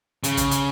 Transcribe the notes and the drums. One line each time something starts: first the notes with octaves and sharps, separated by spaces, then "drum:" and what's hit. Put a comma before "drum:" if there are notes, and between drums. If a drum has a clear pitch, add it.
C#3, drum: hi-hat
drum: kick, hi-hat
drum: hi-hat